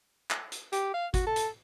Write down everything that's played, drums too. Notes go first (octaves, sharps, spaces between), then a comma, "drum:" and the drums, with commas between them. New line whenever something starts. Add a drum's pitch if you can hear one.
drum: clap
drum: hi-hat
G4, drum: hi-hat
F5
F#4, drum: kick, hi-hat
A4
drum: hi-hat